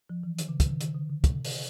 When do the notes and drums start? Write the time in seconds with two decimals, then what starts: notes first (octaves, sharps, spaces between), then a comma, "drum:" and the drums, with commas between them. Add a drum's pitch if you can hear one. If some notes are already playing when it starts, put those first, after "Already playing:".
0.10 F3
0.23 E3
0.39 D#3, drum: hi-hat
0.49 C#3
0.60 C#3, drum: kick, hi-hat
0.70 D#3
0.81 D#3, drum: hi-hat
0.95 D3
1.09 D3
1.24 C3, drum: kick, hi-hat
1.45 drum: open hi-hat